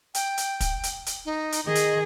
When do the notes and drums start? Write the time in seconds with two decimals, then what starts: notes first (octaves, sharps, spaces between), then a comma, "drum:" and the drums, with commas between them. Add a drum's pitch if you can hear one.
0.14 G5, drum: hi-hat
0.37 drum: hi-hat
0.60 drum: kick, hi-hat
0.83 drum: hi-hat
1.06 drum: hi-hat
1.25 D#4
1.52 drum: hi-hat
1.66 D#3 G#4 D#5
1.75 drum: hi-hat